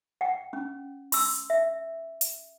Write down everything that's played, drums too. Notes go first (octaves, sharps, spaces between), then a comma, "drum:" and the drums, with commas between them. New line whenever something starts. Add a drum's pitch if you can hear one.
F#5 G5
C#4
C6 E6, drum: open hi-hat
E5
drum: hi-hat